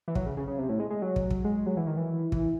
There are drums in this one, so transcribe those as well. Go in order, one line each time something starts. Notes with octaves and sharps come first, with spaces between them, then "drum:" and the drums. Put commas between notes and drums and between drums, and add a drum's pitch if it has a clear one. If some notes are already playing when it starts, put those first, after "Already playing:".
E3
F#3, drum: kick
C#3
C#3
C#3
C3
A2
G#3
G#3
F#3
drum: kick
drum: kick
G#3
F#3
E3
D#3
E3
E3, drum: kick